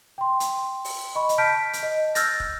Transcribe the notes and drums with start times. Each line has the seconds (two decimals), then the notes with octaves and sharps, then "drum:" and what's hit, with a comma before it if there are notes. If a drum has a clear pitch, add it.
0.18 G5 C6
0.40 drum: hi-hat
0.85 drum: open hi-hat
1.15 D#5 B5 C#6
1.29 drum: hi-hat
1.38 A5 F6 G6 B6 D7
1.73 drum: hi-hat
1.83 D#5
2.15 E6 F6 G6 A6 A#6, drum: hi-hat
2.40 drum: kick